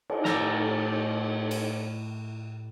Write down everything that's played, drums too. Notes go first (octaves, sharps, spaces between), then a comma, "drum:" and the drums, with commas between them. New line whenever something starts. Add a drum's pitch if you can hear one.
drum: cymbal
A2 G4 A4 A#5, drum: snare
drum: cymbal